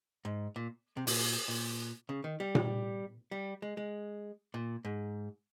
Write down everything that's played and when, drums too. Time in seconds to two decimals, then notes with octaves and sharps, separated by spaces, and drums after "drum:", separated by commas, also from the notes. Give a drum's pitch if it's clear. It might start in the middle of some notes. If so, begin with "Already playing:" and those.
0.25 G#2
0.56 A#2
0.97 C3
1.07 A#2, drum: open hi-hat
1.48 A#2
2.09 C#3
2.24 D#3
2.40 G3
2.55 drum: tom A#2
3.31 G3
3.62 G#3
3.77 G#3
4.54 A#2
4.85 G#2